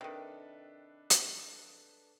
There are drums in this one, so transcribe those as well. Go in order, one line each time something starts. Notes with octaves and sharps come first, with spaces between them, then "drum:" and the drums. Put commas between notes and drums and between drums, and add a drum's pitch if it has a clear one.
C3 D#3 D4 A4 B4
drum: hi-hat